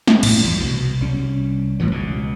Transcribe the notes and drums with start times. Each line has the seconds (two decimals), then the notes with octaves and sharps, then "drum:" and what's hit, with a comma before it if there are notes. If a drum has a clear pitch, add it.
0.08 drum: snare
0.23 A2, drum: cymbal
0.40 E2 G3
0.58 C2 B2
1.00 C2 G3 C#4
1.79 F#1 A2 E3 F#3
1.91 C#2 B2